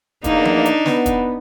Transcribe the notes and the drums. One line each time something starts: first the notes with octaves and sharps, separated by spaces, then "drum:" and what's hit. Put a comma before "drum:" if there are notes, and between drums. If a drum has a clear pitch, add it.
E2 A#3 D4 D#4, drum: kick, hi-hat
drum: tom F3
drum: hi-hat
B3, drum: snare
drum: kick, hi-hat